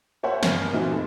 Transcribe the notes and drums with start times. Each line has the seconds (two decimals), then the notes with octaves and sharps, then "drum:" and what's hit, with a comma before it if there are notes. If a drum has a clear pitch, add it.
0.23 A#3 C5 C#5 E5 F#5 G#5
0.43 G1 A#4 G#5 F6, drum: snare
0.73 A#2 E3 C4 D#4 F#4
0.91 F1 A4